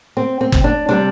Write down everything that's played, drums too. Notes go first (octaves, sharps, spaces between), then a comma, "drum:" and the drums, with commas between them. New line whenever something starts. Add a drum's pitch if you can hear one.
C4
C4
drum: kick G1
D4
C3 G3 D4